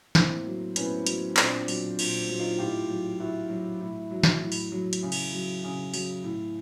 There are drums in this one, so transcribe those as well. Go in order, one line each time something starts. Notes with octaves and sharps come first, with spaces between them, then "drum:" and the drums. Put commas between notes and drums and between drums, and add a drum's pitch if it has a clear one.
A2 A#3 C4, drum: snare
F#3
A2 B3 C#4, drum: hi-hat
F#3, drum: hi-hat
A#2 C4 D4, drum: clap
F#3, drum: open hi-hat
A#2, drum: cymbal
F#3
D#4 F4
A2 F4 G4
F#3
A2 E4 F#4
F#3
A2
F#3
drum: snare
A2
drum: open hi-hat
F#3
drum: hi-hat
C#3
drum: cymbal
F#3
C#3
F#3, drum: open hi-hat
A2